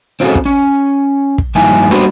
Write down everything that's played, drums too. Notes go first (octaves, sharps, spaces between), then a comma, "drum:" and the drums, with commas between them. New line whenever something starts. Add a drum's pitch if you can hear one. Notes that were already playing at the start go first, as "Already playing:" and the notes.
C4 C#4 F4 F#4 G#4 A4
drum: kick
C#4
drum: kick
G2 D#3 F3 A#3 E4 G#5
G3 A#3 B3 F#4 B4 C5, drum: snare